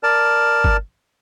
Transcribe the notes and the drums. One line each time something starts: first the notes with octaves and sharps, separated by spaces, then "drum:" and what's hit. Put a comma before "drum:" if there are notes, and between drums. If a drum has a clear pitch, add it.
A#4 D5 A5
drum: kick G1